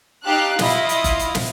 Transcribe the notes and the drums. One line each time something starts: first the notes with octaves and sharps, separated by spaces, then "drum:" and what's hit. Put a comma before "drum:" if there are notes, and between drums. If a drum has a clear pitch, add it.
D#4 G4 F5 A5 F#6
E4 F4 D#5, drum: snare
drum: hi-hat
drum: kick F#1, hi-hat
drum: hi-hat
drum: snare